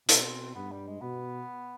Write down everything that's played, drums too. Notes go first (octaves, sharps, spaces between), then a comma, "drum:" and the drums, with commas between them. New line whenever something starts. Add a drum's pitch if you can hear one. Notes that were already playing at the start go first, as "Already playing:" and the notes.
B2 C4, drum: hi-hat
G2 B3
G3
G#3
B2 B3